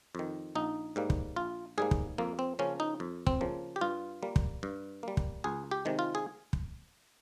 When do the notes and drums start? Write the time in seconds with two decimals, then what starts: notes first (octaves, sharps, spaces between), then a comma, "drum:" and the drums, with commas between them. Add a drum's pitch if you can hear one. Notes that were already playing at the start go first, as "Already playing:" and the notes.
0.15 F2 D#3
0.55 A#1 D#4
0.96 G#2 G3 A#3
1.10 drum: kick
1.36 A#1 F4
1.78 G#2 G3 A#3 G#4
1.91 drum: kick
2.18 F2 A#3
2.39 C4
2.59 C#3 F3 A#3 C#4
2.80 D#4
3.00 F2
3.27 C4, drum: kick
3.41 C#3 F3 A#3
3.76 G4
3.81 G2 F4
4.23 G3 A#3
4.36 drum: kick
4.63 G2
5.03 G3 A#3
5.17 drum: kick
5.44 C#2 G#4
5.71 G4
5.85 C3 D#3 G#3
5.99 F4
6.15 G#4
6.53 drum: kick